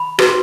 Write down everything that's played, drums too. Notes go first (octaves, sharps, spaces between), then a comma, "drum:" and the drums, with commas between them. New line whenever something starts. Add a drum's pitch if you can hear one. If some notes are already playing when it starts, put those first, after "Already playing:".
Already playing: B5
D#4 F#4 B4, drum: rim click